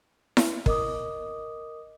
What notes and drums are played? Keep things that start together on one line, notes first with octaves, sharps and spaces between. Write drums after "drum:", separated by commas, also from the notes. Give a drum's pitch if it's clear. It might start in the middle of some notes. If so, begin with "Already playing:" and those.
drum: snare E4
A#4 D#5 D6 D#6, drum: kick